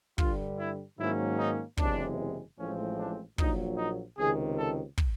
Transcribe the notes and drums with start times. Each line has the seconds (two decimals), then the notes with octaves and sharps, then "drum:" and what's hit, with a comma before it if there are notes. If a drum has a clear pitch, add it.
0.18 G2 D3 G3 F4, drum: kick
0.58 E4
0.98 G#2 D#3 F#3 A#3 C#4 E4
1.38 D#4
1.77 F#1 E2 C3 E3 G#3 D4, drum: kick
2.58 A1 A2 F3 G#3 C4 C#4
2.98 D4
3.38 A#1 A#2 F#3 D#4, drum: kick
3.78 D#4
4.18 C#2 C3 D#3 G#4
4.58 A4
4.98 drum: kick